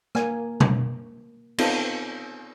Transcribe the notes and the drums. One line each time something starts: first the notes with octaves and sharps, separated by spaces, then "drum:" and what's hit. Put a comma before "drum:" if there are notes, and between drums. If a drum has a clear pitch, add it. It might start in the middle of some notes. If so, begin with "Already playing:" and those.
A#3 G#5, drum: rim click
drum: tom B2
B3 C4 D#4 F4 A4 F5, drum: cymbal